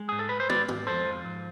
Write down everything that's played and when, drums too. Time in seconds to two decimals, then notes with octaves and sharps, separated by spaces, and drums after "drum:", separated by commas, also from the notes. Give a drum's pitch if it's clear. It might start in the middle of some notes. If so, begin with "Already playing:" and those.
Already playing: G#3
0.09 G#2 G#4
0.19 A4
0.29 G#2 B4
0.40 C5
0.50 G#2 B4 D5, drum: tom
0.69 G#2, drum: tom
0.87 F2 A4 C5
1.06 F3
1.25 G#2